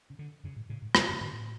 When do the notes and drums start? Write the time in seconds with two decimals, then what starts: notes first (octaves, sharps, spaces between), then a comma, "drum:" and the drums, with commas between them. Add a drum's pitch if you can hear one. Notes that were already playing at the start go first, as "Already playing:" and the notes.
0.10 C#3
0.19 D3
0.44 F#2 C#3
0.56 A2
0.70 A2 C#3
0.82 G#2
0.95 E2 C#3, drum: rim click
1.08 F#2 C#3
1.21 G#2 D3
1.33 A2